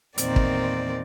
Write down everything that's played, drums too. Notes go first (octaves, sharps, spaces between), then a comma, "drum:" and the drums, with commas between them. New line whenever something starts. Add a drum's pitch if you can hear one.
E2 A#2 D#3 C4 D5, drum: hi-hat
drum: kick